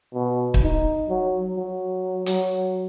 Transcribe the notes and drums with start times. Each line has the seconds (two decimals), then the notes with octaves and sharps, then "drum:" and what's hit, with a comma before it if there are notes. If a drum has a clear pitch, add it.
0.14 B2
0.54 drum: kick
0.63 D#4
1.09 F#3
1.56 F#3
2.26 F#3, drum: hi-hat